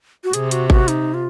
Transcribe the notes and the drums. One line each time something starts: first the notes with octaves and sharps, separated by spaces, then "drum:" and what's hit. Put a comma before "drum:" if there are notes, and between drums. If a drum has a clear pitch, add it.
F#4
C3 G#4, drum: hi-hat
F#4, drum: hi-hat
F#4, drum: kick G#1
D#4, drum: hi-hat
F4